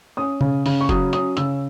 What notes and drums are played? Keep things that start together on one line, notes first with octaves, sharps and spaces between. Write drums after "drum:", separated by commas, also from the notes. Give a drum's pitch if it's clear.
C#4 D#6
C#3, drum: tom
C#3, drum: open hi-hat
C#6
F#3 D#6, drum: kick F1, hi-hat
C#4 D#6, drum: hi-hat
C#3 E6, drum: hi-hat